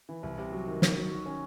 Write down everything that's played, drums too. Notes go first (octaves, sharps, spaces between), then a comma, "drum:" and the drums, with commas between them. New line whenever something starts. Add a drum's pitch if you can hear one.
E3
C2
C3
F#3
D#3
D#3, drum: snare
F#3
F#4
C#4